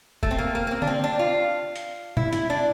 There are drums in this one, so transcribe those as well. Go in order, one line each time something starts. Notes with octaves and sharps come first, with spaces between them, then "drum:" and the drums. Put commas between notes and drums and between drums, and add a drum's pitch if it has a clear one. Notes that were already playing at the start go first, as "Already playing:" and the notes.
A3, drum: kick
C4
A#3
A#3
A#3
C4
D4, drum: tom D3
C4
D4
F4
drum: hi-hat
E4, drum: tom A#2
E4, drum: hi-hat
D4